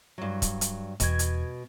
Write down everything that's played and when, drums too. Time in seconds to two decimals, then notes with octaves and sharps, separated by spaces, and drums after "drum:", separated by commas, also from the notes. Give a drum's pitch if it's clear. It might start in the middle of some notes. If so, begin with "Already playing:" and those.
0.18 G2 F#3
0.42 drum: kick, hi-hat
0.61 drum: hi-hat
1.00 E2 B2 G#6, drum: kick, hi-hat
1.19 drum: hi-hat